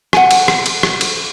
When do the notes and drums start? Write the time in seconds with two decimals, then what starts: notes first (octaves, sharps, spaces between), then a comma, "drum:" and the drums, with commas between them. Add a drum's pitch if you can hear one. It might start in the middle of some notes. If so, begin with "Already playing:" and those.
0.13 F#5 G#5, drum: rim click
0.31 drum: cymbal
0.48 drum: rim click
0.66 drum: cymbal
0.83 drum: rim click
1.01 drum: cymbal